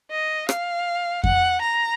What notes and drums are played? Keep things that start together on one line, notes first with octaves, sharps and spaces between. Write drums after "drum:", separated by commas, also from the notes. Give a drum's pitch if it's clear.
D#5
F5, drum: rim click
F#5, drum: kick F2
A#5